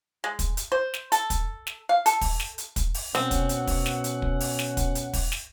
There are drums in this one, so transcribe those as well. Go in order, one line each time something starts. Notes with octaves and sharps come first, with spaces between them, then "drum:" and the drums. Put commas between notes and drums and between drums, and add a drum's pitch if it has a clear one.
G#3
drum: kick, hi-hat
drum: hi-hat
C5
drum: snare
A4, drum: hi-hat
drum: kick, hi-hat
drum: snare
F5
A4, drum: hi-hat
drum: kick, open hi-hat
drum: snare
drum: hi-hat
drum: kick, hi-hat
drum: open hi-hat
B2 C4 C#4 F#5, drum: snare
drum: kick, hi-hat
drum: hi-hat
drum: kick, open hi-hat
drum: snare
drum: hi-hat
drum: kick
drum: open hi-hat
drum: snare
drum: kick, hi-hat
drum: hi-hat
drum: kick, open hi-hat
drum: snare